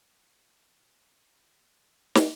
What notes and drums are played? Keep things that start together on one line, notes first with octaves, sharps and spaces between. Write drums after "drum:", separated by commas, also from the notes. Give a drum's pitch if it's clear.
G#4
F#4
D#4
F#4
drum: snare